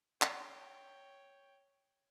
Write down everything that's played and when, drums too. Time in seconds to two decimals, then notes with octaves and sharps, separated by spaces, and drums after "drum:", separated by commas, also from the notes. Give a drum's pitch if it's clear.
0.22 C#5 G5, drum: clap